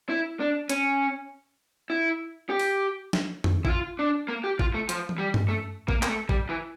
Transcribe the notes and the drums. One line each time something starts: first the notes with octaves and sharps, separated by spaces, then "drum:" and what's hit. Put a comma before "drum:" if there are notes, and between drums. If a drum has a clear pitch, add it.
E4
D4
C#4, drum: hi-hat
E4
G4
drum: open hi-hat
drum: snare
drum: tom F2
E4, drum: kick
F4
D4
A#3
G4
F4, drum: kick
A3
F3, drum: hi-hat
drum: tom E3
G3
drum: tom G2
A3
A#3, drum: kick
A#3, drum: clap
A3
G3, drum: kick
E3